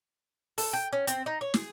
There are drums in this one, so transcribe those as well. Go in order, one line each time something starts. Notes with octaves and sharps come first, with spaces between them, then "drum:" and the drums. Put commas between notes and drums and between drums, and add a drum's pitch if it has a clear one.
A4, drum: open hi-hat
G5
C#4
C4, drum: hi-hat
D#4
C#5
G#4, drum: snare